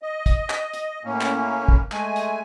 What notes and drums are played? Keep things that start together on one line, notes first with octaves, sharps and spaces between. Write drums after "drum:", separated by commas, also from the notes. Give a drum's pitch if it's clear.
D#5
drum: kick, hi-hat
drum: clap
drum: hi-hat
A2 A#3 C#4
drum: clap
drum: kick
G#3 A3 G#5, drum: clap
drum: hi-hat